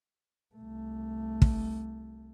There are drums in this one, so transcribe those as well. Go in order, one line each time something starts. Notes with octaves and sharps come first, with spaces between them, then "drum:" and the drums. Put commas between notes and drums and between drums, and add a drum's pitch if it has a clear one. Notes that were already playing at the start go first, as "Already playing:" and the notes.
C2 A3
drum: kick